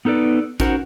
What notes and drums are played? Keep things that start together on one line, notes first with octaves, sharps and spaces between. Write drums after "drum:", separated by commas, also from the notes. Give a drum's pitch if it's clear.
B3 D#4 A4 B4 D5
C#4 D#4 F#4 A#4 C5 F#5, drum: kick, hi-hat